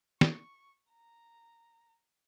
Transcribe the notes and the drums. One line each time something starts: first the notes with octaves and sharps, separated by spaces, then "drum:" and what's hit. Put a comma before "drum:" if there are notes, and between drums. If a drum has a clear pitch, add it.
C#6, drum: snare
A#5